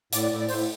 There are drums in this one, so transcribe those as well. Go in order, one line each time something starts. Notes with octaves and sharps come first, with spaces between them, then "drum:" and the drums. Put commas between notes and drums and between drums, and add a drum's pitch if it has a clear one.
A2 D5, drum: hi-hat
D5
A2
D5
A2 C5, drum: open hi-hat